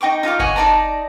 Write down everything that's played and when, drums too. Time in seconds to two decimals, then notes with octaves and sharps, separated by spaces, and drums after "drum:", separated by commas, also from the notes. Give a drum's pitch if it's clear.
0.01 D#4 G5 C#6 D6
0.23 D#4 F4 F5 D6
0.39 C#5 D#5 F#5 G#5, drum: kick G1
0.56 D#4 D5 A5 A#5